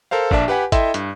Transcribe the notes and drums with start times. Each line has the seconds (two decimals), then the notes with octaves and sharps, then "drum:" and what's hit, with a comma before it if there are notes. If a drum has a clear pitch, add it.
0.11 A4 A#4 C5 F5
0.31 A#1 D4 D5 E5 A5, drum: kick G#1
0.48 G4 B4 F#5 G#5
0.72 E4 A4 D#5 E5 G5 C6, drum: kick G#1, hi-hat
0.94 G2, drum: hi-hat